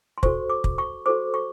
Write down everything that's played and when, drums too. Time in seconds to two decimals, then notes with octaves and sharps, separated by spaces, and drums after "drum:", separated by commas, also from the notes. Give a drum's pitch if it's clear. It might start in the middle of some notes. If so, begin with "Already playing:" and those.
0.18 C6
0.23 F#4 A4 C5 C#6, drum: kick
0.50 D6
0.64 drum: kick
0.78 C#6
1.06 F#4 A4 C5 D6
1.34 C#6